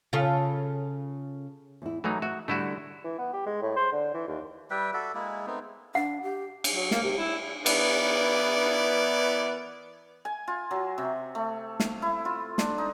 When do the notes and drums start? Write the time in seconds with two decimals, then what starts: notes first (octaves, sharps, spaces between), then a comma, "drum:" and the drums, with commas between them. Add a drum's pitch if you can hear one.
0.13 C#3 F4 A4
1.82 E2 E4
2.04 E3 F#3 A3 D#4
2.22 F#4 E5
2.48 D3 G3 A3 E4 F#4
3.04 E3
3.18 B3
3.33 G4
3.46 G#3
3.62 A2
3.76 C5
3.92 D3
4.14 E3
4.28 D#2
4.71 G3 B4 E5 G5
4.93 F#4 A4 D5 E5
5.14 G#3 A#3 E4 G#4
5.47 A3 B3 C4 D#4
5.95 D4 F#5
6.23 G4
6.64 drum: cymbal
6.74 F#3
6.91 A#3, drum: snare
7.03 C3
7.18 E4
7.66 E3 B3 E4 A#4 D5, drum: cymbal
10.25 G#5
10.48 F4
10.71 F#3
10.98 C3
11.35 A3
11.80 F5, drum: snare
12.02 E4
12.25 F4
12.58 D4, drum: snare
12.78 D#4